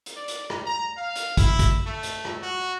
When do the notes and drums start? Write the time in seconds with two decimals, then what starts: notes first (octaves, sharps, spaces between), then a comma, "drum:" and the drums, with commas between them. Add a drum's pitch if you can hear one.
0.06 drum: hi-hat
0.16 D5
0.28 drum: hi-hat
0.50 drum: rim click
0.66 A#5
0.97 F5
1.16 drum: hi-hat
1.37 E4, drum: kick, hi-hat
1.59 drum: kick, hi-hat
1.86 A3
2.03 drum: hi-hat
2.25 drum: rim click
2.42 F#4